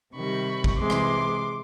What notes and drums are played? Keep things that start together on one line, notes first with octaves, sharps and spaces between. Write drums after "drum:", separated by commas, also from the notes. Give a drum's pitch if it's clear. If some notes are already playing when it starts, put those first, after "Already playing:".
C3 D#3 G3 B5 C#6
drum: kick
C3 E3 G#3 C6 D6
drum: rim click